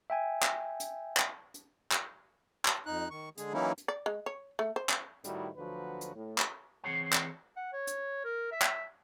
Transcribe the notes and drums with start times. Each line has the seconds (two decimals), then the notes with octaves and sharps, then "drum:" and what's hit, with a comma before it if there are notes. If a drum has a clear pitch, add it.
0.10 E5 G5 G#5
0.43 drum: clap
0.80 drum: hi-hat
1.17 drum: clap
1.54 drum: hi-hat
1.92 drum: clap
2.65 A5, drum: clap
2.86 F2 D#4 F#6
3.11 D#3 C#6
3.38 D3 G#3 G#4, drum: hi-hat
3.53 E3 F#3 A#3 C#4 D#4 E4
3.78 drum: hi-hat
3.88 D5
4.06 G#3
4.26 C#5
4.59 A3
4.76 C5
4.89 drum: clap
5.24 A2 D#3 G3 D#4 E4 F#4, drum: hi-hat
5.57 D2 D3 F3 F#3 F#4 B4
6.01 drum: hi-hat
6.15 A2
6.38 drum: clap
6.84 E3 C4 G#4 C#5 F#5
7.13 drum: clap
7.56 F#5
7.73 C#5
7.87 drum: hi-hat
8.24 A#4
8.52 E5
8.62 drum: clap